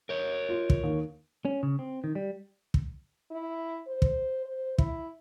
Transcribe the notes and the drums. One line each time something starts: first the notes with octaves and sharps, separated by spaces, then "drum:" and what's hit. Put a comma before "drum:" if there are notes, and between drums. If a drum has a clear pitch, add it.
A#4 C#5
F4
drum: kick
D#2
C#4
C#3
C4
D#3
G3
drum: kick
E4
C5
drum: kick
C5
E4, drum: kick